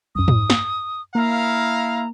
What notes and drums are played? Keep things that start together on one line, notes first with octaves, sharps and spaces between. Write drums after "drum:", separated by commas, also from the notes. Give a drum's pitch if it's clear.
C2 F#2 D#6
drum: tom G#2
drum: snare
A#3 E4 F5 A#5